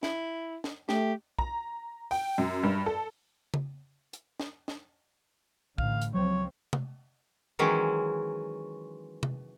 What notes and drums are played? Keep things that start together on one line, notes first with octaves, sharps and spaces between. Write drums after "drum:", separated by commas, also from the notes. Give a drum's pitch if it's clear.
E4, drum: snare
drum: snare
A3 G4, drum: snare
A#5, drum: kick
G5, drum: open hi-hat
F#2
G2
A4
drum: tom C#3
drum: hi-hat
drum: snare
drum: snare
A1 A2 D3 F5, drum: kick
drum: hi-hat
C#2 F3 F#3 C4 C#5
drum: tom C3
D#3 E3 F#3 G#3 C#4
drum: tom C3